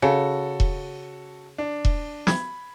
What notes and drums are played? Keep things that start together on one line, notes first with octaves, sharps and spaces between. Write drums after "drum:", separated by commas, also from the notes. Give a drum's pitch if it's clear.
C#3 F#4 A4
drum: kick E1
D4
drum: kick E1
B5 G#6, drum: snare